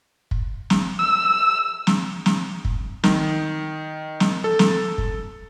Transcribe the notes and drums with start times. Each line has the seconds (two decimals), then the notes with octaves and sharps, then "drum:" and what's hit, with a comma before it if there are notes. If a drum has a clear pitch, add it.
0.31 drum: kick
0.70 drum: snare
0.99 E6
1.87 drum: snare
2.26 drum: snare
2.65 drum: kick
3.04 D#3, drum: snare
4.20 drum: snare
4.44 A4
4.59 drum: snare
4.98 drum: kick